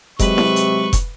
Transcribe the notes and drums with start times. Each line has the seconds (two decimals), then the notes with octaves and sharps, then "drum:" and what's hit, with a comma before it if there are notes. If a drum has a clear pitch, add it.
0.19 C3 F#3 G#3 B4 C#6, drum: kick F1, hi-hat
0.38 drum: snare E4
0.56 drum: hi-hat
0.93 drum: kick F1, hi-hat